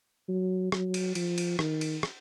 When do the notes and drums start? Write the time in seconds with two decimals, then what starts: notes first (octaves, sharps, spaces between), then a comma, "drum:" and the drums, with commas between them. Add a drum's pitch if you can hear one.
0.28 F#3
0.72 F#3, drum: rim click
0.94 drum: cymbal
1.15 F3, drum: cymbal
1.38 drum: cymbal
1.59 D#3, drum: rim click
1.81 drum: cymbal
2.03 drum: rim click